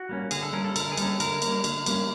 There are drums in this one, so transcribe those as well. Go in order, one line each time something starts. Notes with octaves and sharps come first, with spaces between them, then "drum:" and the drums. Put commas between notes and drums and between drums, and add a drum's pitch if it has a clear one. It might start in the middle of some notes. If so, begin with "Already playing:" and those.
Already playing: F#4
G3 A#3 C#4
D3 G#4, drum: cymbal
A4
G3 A#3 C#4 A#4
A4
D3 A#4, drum: cymbal
G#4
G3 A#3 C#4 A4, drum: cymbal
D3 A#4, drum: cymbal
G3 A#3 C#4, drum: cymbal
D3, drum: cymbal
G3 A#3 C#4, drum: cymbal